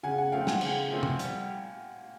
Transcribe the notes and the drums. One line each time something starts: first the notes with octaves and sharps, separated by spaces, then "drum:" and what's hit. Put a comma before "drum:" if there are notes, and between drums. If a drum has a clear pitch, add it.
C#3 F#5 G#5
F#5 G#5
F3 A3 C4 F5 G5
F#5 G#5, drum: snare
C#3 F#5 G#5, drum: cymbal
F3 A3 C4
drum: tom
G3, drum: hi-hat